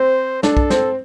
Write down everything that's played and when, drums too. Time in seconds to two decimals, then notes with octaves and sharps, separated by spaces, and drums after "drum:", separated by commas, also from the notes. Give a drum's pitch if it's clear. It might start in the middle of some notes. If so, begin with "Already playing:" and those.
Already playing: C4 C5
0.43 D4 A4, drum: snare
0.57 drum: kick
0.70 C4, drum: snare